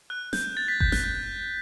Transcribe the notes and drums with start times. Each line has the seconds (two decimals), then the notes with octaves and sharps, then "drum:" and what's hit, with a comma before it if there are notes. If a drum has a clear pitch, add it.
0.10 F#6
0.33 G6, drum: snare
0.57 A6
0.68 B6
0.80 G6, drum: kick G1
0.92 F#6, drum: snare
1.04 G6